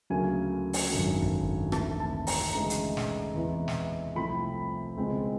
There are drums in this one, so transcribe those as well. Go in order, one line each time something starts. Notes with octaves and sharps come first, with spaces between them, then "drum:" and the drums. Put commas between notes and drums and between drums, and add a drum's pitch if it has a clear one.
D2 C#3 F#3 A#3 G#5
drum: open hi-hat
G#1 F#2 D3 F#3
drum: kick
D2 C3 E3 A5, drum: rim click
A5
A#5, drum: open hi-hat
D2 C#3 E3 G#3 A#5
drum: hi-hat
drum: snare
E2 C3 E3 G#3
drum: snare
C2 C3 F3 A3 C4 B5
C#2 B2 G#3 C4